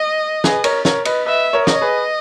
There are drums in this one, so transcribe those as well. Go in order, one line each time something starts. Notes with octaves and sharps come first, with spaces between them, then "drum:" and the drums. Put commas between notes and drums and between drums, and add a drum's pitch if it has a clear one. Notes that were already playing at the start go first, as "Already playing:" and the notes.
Already playing: D#5
G#4 B4, drum: snare
A#4 C#5, drum: cymbal
A#4 C#5, drum: snare
B4 D#5, drum: cymbal
B4 D#5 E5
A#4 C#5
D#5, drum: snare
C#5
G#4 B4